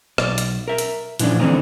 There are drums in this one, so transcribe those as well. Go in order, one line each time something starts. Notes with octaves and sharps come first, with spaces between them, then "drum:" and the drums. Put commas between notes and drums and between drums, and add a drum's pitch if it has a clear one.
B1 D5, drum: rim click
drum: hi-hat
A#4 E5
drum: hi-hat
A#2 E3 F3 C#4 D4, drum: hi-hat
D3 E3 G#3 C4 C#4 D#4